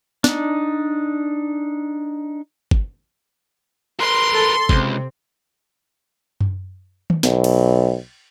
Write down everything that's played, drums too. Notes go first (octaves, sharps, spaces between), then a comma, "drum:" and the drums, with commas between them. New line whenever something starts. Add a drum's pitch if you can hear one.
D4 D#4, drum: snare
drum: kick
A#4 B4 C6
A4
C#2 C3 C4, drum: kick
drum: tom F#2
drum: tom D#3
B1, drum: snare
drum: cymbal